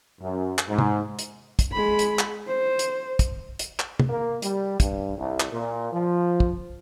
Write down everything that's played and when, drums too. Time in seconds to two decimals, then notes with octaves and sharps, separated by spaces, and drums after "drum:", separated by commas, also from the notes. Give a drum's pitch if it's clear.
0.20 F#2
0.58 drum: clap
0.68 G#2
0.79 drum: tom
1.19 drum: hi-hat
1.59 drum: kick, hi-hat
1.73 G#3 B5
1.99 drum: hi-hat
2.19 drum: clap
2.48 C5
2.79 drum: hi-hat
3.19 drum: kick, hi-hat
3.59 drum: hi-hat
3.79 drum: clap
4.00 drum: tom
4.10 A#3
4.42 G3, drum: hi-hat
4.80 G2, drum: kick, hi-hat
5.18 C2
5.40 drum: clap
5.51 A#2
5.93 F3
6.40 drum: kick